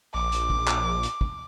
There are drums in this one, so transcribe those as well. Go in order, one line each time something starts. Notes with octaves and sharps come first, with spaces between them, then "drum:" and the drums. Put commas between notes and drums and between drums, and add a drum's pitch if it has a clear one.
A#1 D6
drum: hi-hat
drum: kick
drum: clap
drum: hi-hat
drum: kick